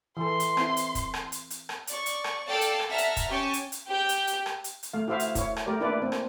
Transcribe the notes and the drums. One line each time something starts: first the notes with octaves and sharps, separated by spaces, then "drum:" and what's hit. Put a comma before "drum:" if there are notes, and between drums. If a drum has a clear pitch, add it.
E3 A4 C6
drum: hi-hat
C4 E4, drum: rim click
drum: hi-hat
drum: kick, hi-hat
drum: rim click
drum: hi-hat
drum: hi-hat
drum: rim click
D5 C#6, drum: hi-hat
drum: hi-hat
drum: rim click
A4 D5 F5 G5 A5 E6
drum: hi-hat
drum: rim click
E5 F#5 A5 A#5 F6
drum: hi-hat
drum: kick, hi-hat
C#4 G4 G#5 A5 C#6
drum: hi-hat
drum: hi-hat
G4 G5
drum: hi-hat
drum: hi-hat
drum: rim click
drum: hi-hat
drum: hi-hat
A3 F5
E4 F#4 C5 E5 F5
drum: hi-hat
E4 C#5, drum: kick, hi-hat
drum: rim click
A3 G4 A#4 D5
A#3 D4 E4 B4 D5
A#3 C4
drum: rim click